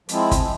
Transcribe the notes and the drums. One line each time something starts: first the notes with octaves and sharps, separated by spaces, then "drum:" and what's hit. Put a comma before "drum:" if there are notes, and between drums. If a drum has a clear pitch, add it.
F3 G#3 C4 E4, drum: hi-hat
drum: kick, hi-hat